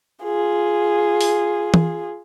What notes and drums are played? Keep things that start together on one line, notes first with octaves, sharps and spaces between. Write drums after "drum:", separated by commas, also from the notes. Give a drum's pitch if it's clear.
F4 G#4
drum: open hi-hat
drum: tom E3